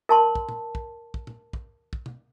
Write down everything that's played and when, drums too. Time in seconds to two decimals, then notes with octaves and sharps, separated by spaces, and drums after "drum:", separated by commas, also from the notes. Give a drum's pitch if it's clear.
0.09 A#4 A5 C6
0.35 drum: kick
0.49 drum: tom
0.75 drum: kick
1.14 drum: kick
1.27 drum: tom
1.53 drum: kick
1.93 drum: kick
2.06 drum: tom